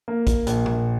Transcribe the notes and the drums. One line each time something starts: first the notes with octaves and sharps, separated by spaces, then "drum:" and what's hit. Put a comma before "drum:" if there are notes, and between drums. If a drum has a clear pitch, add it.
A#3
drum: kick A#1, hi-hat
A#1, drum: hi-hat
drum: tom A#2